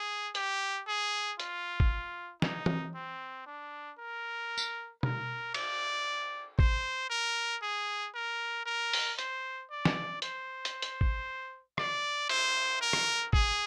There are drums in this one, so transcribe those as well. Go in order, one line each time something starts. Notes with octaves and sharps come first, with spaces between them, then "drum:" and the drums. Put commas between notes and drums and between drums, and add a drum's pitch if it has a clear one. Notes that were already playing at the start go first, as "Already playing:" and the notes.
Already playing: G#4
G4, drum: hi-hat
G#4
F4, drum: hi-hat
drum: kick
D#4, drum: snare
drum: tom
C4
D4
A#4
drum: tambourine
A#4, drum: tom B2
D5, drum: cymbal
C5, drum: kick
A#4
G#4
A#4
A#4
drum: open hi-hat
C5, drum: hi-hat
D5
drum: snare
C5, drum: hi-hat
drum: hi-hat
drum: hi-hat
drum: kick
D5, drum: rim click
C5, drum: cymbal
A#4
drum: rim click
G#4, drum: kick